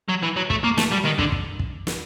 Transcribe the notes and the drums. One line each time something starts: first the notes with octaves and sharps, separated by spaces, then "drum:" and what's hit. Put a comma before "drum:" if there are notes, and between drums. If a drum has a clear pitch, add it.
F#3
E3
F#3
A3, drum: kick
A#3
A3, drum: snare
G3
D#3
D3, drum: kick
drum: kick
drum: kick
drum: snare